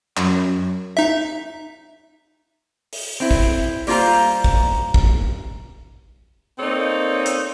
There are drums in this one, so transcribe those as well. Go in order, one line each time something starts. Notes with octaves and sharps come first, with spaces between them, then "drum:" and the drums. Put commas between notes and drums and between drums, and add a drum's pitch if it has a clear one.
F#2, drum: clap
D#4 E5
drum: open hi-hat
C4 E4
drum: kick
G3 A#3 F4 C5 A#5, drum: open hi-hat
drum: kick
drum: kick
A#3 C4 D#4 A4 C#5 D5
drum: hi-hat